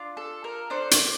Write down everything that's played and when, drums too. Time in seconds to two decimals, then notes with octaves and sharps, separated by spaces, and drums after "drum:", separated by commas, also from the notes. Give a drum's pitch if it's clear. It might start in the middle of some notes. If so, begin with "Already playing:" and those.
Already playing: D4 F4
0.17 A4
0.44 A#4
0.70 D4 A4 C5
0.91 D5, drum: hi-hat